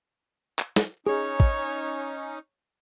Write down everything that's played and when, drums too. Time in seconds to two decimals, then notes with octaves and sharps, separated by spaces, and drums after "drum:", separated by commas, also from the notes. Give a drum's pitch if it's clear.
0.59 drum: clap
0.76 drum: snare
1.07 C#4 D#4 G#4 C#5
1.40 drum: kick